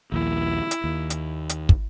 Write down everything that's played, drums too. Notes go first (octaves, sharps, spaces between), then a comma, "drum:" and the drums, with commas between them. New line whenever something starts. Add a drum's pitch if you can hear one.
A#1 D#2 E4
drum: hi-hat
D#2
drum: hi-hat
drum: hi-hat
drum: kick